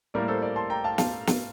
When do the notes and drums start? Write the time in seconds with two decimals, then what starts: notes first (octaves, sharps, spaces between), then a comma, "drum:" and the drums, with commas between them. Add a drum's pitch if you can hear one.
0.14 A2 G3 A#3 A#4 D5
0.28 A4 C5
0.42 A#4 D5
0.56 A5 C6
0.70 G5 A#5
0.84 F5 A5
0.98 F5 A5, drum: snare
1.27 drum: snare